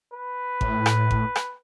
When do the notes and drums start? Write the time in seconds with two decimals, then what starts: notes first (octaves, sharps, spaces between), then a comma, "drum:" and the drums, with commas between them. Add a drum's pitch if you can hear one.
0.14 B4
0.61 A2, drum: kick G#1
0.86 drum: rim click
1.11 drum: kick G#1
1.36 drum: rim click